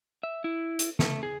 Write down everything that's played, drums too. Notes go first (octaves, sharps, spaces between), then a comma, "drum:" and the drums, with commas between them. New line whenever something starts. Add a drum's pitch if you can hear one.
E5
E4
drum: hi-hat
A3, drum: snare
G#4